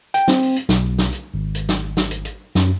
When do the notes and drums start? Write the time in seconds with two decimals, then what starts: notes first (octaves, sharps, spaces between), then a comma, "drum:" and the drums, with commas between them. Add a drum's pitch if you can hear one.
0.14 G5, drum: hi-hat
0.28 C4, drum: snare
0.42 drum: open hi-hat
0.56 drum: hi-hat
0.69 B1, drum: snare
0.98 drum: snare
1.13 drum: hi-hat
1.34 G#1
1.55 drum: hi-hat
1.69 drum: snare
1.97 drum: snare
2.11 drum: hi-hat
2.25 drum: hi-hat
2.55 F#2, drum: snare